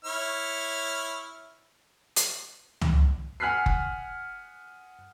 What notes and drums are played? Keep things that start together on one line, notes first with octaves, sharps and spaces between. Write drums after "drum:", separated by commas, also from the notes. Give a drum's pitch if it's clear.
E4 C#5 F6
drum: hi-hat
drum: tom C#2
F#5 G#5 F6 F#6 B6 C7
drum: kick F#1